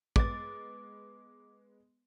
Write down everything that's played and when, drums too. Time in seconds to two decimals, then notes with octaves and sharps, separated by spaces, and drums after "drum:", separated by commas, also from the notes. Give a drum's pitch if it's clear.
0.16 G#3 B3 D6 A6, drum: kick